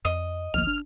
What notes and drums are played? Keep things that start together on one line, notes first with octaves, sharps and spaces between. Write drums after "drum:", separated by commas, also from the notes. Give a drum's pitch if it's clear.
F2 D#5
D2 F3 A#3 F6, drum: kick
D4